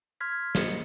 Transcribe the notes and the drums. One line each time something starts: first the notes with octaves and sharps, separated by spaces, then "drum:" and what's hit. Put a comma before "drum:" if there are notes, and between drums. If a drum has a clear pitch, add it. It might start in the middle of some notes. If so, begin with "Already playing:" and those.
C6 F6 G#6 B6
A#3 A#4 C5 D#5 C#7, drum: snare